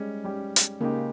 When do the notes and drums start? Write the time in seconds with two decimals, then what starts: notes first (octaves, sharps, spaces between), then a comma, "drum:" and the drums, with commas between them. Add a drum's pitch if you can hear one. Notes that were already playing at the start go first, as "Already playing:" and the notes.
Already playing: G3 G#3 C#4 G4
0.24 G3 C#4 G4
0.56 drum: hi-hat
0.81 C#3 G#3 A#3 D#4 G4